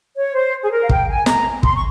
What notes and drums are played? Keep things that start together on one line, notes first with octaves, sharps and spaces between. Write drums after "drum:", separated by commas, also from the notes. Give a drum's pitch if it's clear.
C#5
C5
G#4
A#4
F5
G5, drum: kick
G#5
A#5, drum: snare
C6, drum: kick
C#6